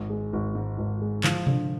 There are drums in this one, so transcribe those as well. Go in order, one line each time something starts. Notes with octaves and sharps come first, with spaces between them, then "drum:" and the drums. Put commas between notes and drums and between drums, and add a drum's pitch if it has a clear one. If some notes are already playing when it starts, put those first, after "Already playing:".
Already playing: G#1
G#3
G#1
G#2
G#1
G#3
F3, drum: clap
D3, drum: tom B2